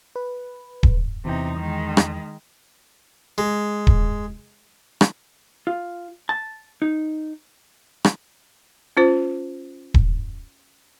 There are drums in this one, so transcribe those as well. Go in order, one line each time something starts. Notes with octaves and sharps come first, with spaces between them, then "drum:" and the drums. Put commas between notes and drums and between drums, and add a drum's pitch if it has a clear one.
B4
drum: kick D#1
E2 C3 E3 D#4 G5
D#3 G#3
drum: rim click
G#3
drum: kick D#1
drum: rim click
F4
A5
D#4
drum: rim click
C#4 F4 C5
drum: kick D#1